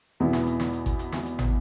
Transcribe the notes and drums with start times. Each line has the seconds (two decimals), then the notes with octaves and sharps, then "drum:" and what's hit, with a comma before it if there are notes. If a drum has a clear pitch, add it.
0.20 E2 B2 B3 E4 G#4
0.33 drum: snare
0.46 drum: hi-hat
0.60 drum: snare
0.73 drum: hi-hat
0.86 drum: kick G#1, hi-hat
0.99 drum: hi-hat
1.12 drum: snare
1.26 drum: hi-hat
1.39 drum: tom